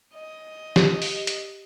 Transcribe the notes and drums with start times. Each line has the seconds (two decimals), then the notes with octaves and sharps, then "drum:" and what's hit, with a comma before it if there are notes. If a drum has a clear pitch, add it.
0.15 D#5
0.76 G4, drum: snare
1.02 drum: open hi-hat
1.27 drum: hi-hat